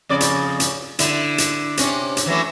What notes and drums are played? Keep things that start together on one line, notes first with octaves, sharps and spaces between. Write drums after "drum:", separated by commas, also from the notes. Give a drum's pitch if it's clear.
F2 C#3 D5
drum: hi-hat
drum: hi-hat
D3 E4, drum: hi-hat
drum: hi-hat
C3 C#4, drum: hi-hat
drum: hi-hat
E3 F#3 A3